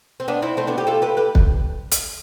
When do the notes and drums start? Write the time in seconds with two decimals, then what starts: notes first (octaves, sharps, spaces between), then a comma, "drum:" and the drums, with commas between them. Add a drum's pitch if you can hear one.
0.20 C4
0.28 B3 D4
0.42 C4 E4
0.57 A3 C4
0.67 B3 D4
0.78 G4
0.87 F4 A4
1.02 G4 B4
1.17 G4 B4
1.35 drum: kick
1.92 drum: hi-hat